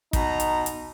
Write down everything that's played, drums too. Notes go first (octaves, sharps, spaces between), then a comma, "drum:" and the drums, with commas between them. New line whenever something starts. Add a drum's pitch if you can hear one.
B2 D#4 A#5, drum: kick, hi-hat
drum: hi-hat
drum: hi-hat